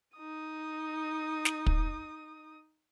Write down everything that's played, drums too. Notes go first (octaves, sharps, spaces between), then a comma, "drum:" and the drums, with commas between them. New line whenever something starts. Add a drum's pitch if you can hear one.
D#4 D#6
drum: snare
drum: kick